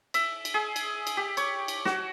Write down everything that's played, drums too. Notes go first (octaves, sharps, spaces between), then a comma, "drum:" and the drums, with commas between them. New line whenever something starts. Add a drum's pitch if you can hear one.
E5, drum: cymbal
drum: cymbal
G#4
drum: cymbal
drum: cymbal
G4
C#5, drum: cymbal
drum: cymbal
F#4, drum: snare